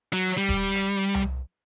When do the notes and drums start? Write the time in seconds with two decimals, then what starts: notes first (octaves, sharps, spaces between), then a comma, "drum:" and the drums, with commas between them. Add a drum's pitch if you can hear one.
0.13 F#3
0.38 G3
0.49 drum: kick D#1
0.75 drum: hi-hat
1.15 drum: tom C2